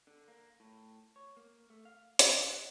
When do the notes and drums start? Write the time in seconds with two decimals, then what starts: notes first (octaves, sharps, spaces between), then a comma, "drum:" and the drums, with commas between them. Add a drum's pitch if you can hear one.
0.07 D3
0.28 A#3
0.60 A2
1.16 C#5
1.37 A#3
1.70 A3
1.85 F5
2.19 F#5, drum: hi-hat
2.46 F#5